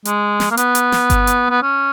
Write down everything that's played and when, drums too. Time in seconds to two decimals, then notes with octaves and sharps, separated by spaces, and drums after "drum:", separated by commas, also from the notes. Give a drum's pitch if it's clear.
0.05 G#3, drum: hi-hat
0.40 drum: snare
0.51 A#3
0.57 B3, drum: hi-hat
0.75 drum: hi-hat
0.92 drum: snare
1.10 drum: kick G1, hi-hat
1.27 drum: hi-hat
1.50 B3
1.62 C#4